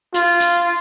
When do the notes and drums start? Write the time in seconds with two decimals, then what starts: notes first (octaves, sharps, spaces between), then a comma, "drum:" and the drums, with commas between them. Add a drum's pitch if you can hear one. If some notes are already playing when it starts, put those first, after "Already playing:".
0.14 F4, drum: hi-hat
0.40 drum: hi-hat